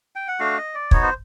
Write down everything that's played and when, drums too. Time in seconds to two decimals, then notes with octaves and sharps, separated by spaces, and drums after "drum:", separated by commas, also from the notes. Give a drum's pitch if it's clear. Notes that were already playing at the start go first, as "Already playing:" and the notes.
0.16 G5
0.28 F#5
0.40 A3 D4 F#4 F5
0.57 D#5
0.75 D5
0.91 B3 D#4 F#4 C#5, drum: kick
1.03 C5